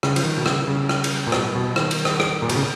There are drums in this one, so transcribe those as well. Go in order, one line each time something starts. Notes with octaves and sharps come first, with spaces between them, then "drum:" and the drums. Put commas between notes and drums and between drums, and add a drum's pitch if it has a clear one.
C#3, drum: rim click
F3, drum: cymbal
D#3
B2
C#3, drum: rim click
C#3
drum: rim click
drum: cymbal
A#2
B2, drum: rim click
B2
D#3, drum: rim click
drum: cymbal
drum: rim click
drum: rim click
A#2
B2, drum: cymbal
C#3